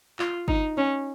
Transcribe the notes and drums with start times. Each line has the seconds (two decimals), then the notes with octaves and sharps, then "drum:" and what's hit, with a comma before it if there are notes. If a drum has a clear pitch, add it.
0.19 F4, drum: clap
0.48 D#4, drum: kick G1
0.77 C#4